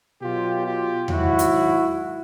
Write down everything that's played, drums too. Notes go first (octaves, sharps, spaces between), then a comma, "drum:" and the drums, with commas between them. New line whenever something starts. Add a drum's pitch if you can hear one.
B2 F#3 F4 G4
F4 G4
G#2 D#3 F#3 E4 F#4, drum: tom E2
drum: hi-hat